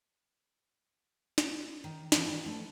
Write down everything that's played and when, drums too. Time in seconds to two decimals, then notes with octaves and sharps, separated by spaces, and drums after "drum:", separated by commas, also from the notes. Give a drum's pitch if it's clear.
1.38 drum: snare
1.84 D#3
2.12 E3 G3 A3 B3 C4 D4, drum: snare
2.26 D#3 E3 G3 B3
2.45 F3 A3 A4